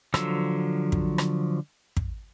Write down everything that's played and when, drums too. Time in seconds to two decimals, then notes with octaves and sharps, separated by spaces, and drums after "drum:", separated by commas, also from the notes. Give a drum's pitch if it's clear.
0.14 D3 F3 F#3 E6, drum: rim click
0.92 drum: kick
1.18 drum: rim click
1.97 drum: kick